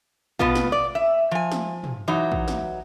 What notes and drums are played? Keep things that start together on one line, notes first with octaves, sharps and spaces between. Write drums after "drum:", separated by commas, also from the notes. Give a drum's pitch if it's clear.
B2 B3 F4, drum: kick
drum: snare
D5
E5
F3 G#5
drum: snare
drum: tom
E3 F#3 D#4
drum: kick
drum: snare